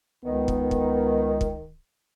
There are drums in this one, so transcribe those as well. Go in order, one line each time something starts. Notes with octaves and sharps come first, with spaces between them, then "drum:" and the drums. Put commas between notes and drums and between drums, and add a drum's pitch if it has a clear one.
C#2 D#3 B3
drum: kick
drum: kick
drum: kick